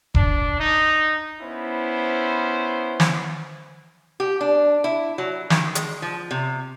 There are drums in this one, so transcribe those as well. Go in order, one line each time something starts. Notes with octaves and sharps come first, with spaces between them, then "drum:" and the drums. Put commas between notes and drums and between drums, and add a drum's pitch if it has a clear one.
D4, drum: kick E1
D#4
B3 C#4 E4 C5
drum: snare
G4
D4
E4
F#3
D#3, drum: snare
G#3, drum: hi-hat
F3
C3